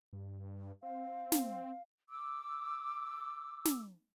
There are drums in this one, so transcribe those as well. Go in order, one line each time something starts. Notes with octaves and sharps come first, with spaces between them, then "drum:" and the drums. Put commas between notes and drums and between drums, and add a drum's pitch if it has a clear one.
G2
C4 F5
drum: snare
D6 E6
drum: snare